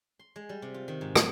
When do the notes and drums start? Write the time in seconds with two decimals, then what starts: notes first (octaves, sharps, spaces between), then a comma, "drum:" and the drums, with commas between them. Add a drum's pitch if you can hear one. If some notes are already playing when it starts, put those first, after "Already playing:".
0.19 C6
0.36 G#3
0.49 G3
0.62 C3
0.74 F4
0.88 D#3
1.01 G#2
1.16 A2, drum: rim click